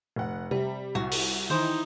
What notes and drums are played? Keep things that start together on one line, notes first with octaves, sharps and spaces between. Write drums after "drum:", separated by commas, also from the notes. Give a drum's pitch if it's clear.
F1 F#5
C3 G3
C2 F#4
drum: open hi-hat
D#3 E3 D#4 E4 C5